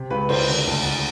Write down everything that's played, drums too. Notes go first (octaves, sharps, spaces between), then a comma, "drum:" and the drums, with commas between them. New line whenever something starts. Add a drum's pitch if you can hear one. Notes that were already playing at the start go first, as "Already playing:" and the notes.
Already playing: C3
C#2 B4
C#2 C5, drum: cymbal
D3
D2
D2